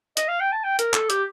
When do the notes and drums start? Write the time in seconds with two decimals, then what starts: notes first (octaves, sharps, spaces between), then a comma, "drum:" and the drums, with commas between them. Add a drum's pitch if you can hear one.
0.17 D#5, drum: hi-hat
0.28 F5
0.40 G5
0.52 A5
0.64 G5
0.79 A#4, drum: hi-hat
0.94 A4, drum: clap
1.10 G4, drum: hi-hat